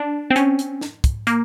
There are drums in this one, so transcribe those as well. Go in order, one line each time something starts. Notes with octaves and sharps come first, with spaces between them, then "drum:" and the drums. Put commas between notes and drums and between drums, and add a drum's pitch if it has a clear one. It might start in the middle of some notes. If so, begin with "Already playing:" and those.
Already playing: D4
C4
C#4, drum: hi-hat
drum: hi-hat
drum: snare
drum: kick, hi-hat
A#3, drum: hi-hat